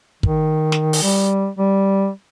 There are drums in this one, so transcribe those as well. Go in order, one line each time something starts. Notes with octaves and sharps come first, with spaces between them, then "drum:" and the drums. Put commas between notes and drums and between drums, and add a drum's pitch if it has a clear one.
D#3, drum: kick
drum: snare
drum: open hi-hat
G3
G3